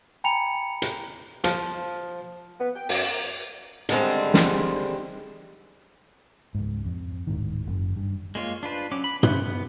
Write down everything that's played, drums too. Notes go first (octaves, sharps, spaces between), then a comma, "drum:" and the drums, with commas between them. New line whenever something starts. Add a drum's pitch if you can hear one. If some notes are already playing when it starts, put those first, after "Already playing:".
G5 G#5 A#5 B5 C#7 F7
drum: hi-hat
F3, drum: hi-hat
B3
G5
F#2, drum: open hi-hat
A#4
D3 D#3 G3 G#3 C4, drum: hi-hat
drum: snare
C#2 G#2
F2
D1 G#2 D#3
F#1 F#2
G2
G#3 A#3 F4 C#5
D4 F4 B4 C5
F#3 C#4 D6
B5
B3 C#4 B4 C5, drum: tom
B3